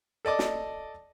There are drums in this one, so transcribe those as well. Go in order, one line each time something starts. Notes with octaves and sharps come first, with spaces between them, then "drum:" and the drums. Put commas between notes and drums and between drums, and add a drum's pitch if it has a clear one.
A4 D5 D#5 D6
drum: snare